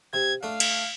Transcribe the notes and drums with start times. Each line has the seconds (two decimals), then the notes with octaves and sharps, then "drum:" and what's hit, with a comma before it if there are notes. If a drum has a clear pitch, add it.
0.13 C3 G#6
0.43 A3 D4 F5
0.60 drum: cymbal